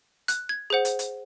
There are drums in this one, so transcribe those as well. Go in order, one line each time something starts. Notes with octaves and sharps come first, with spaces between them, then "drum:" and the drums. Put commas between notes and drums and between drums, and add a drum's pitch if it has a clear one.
F#6, drum: hi-hat
G#6
G#4 C5 F#5
drum: hi-hat
drum: hi-hat